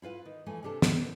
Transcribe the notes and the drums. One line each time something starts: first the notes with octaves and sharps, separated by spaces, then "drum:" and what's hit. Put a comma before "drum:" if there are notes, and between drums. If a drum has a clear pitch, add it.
E4 F4 B4 F5
D#3
G2 E3 F3 A3 G#5
C3 C4 D4 G4 A4 A5
B3 D#4 A#4, drum: snare